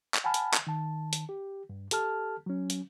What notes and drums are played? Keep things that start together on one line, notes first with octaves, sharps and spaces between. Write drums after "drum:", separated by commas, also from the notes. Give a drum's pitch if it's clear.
drum: clap
F#5 G#5 A5 B5 F6
drum: hi-hat
drum: clap
D#3 A5
drum: hi-hat
G4
G2
G4 A4 A5 F6, drum: hi-hat
F#3 C#4
drum: hi-hat